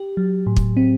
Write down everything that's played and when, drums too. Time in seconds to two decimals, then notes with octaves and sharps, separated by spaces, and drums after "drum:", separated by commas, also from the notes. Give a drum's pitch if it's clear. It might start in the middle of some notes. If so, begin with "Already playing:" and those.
Already playing: G4
0.17 F#3
0.47 A2
0.56 drum: kick
0.77 C4